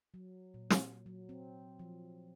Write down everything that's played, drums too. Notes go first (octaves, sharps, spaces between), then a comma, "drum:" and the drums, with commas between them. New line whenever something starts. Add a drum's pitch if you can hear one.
F#3
A#2
drum: snare
F#3
C4
F3